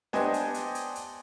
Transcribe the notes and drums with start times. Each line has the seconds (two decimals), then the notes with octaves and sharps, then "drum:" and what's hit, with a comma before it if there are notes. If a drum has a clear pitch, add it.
0.13 B3 D4 G4 C5 D#5 G#5, drum: snare D4
0.34 drum: hi-hat
0.54 drum: hi-hat
0.75 drum: hi-hat
0.95 drum: hi-hat